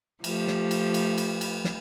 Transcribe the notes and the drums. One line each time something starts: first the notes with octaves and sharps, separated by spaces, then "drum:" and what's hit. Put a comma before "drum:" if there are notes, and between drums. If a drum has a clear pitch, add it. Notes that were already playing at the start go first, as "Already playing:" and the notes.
F3 A3 G4, drum: cymbal
drum: snare
drum: cymbal
drum: cymbal
drum: cymbal
drum: cymbal
drum: snare